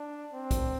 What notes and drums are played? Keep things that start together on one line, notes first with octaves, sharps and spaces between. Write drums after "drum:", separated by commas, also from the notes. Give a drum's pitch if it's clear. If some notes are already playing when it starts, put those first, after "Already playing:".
Already playing: D4
C4
drum: kick, hi-hat